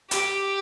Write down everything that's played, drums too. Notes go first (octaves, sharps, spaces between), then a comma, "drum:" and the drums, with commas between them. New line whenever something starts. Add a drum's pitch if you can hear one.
G4, drum: hi-hat